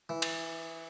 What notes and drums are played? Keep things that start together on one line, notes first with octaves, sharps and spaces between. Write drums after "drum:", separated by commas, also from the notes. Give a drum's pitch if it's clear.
E3
drum: cymbal